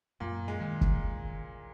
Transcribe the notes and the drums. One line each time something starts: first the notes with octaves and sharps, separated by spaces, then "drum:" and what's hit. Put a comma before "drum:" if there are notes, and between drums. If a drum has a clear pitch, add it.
F#2 A#2
G#3
D#3
drum: kick